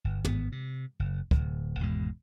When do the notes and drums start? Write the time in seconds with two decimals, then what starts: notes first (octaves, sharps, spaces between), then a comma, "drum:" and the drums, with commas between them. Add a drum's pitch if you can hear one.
0.04 G1
0.25 G#1 B3, drum: tom
0.52 C3
0.99 F#1
1.31 D1, drum: kick
1.79 G#1 E2 B2 G#3